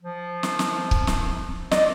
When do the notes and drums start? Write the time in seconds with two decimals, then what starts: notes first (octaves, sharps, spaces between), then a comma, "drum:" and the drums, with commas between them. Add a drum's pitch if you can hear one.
0.03 F3
0.43 drum: snare
0.59 drum: snare
0.91 drum: kick C#1
1.07 drum: snare
1.71 D5 D#5, drum: snare